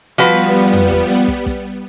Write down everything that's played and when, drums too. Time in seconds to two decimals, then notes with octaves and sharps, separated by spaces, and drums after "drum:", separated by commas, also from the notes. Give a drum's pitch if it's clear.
0.18 F3 G3 B3 F#4 B4
0.37 drum: hi-hat
0.73 drum: tom
0.91 drum: snare
1.10 drum: hi-hat
1.28 drum: kick
1.46 drum: kick, hi-hat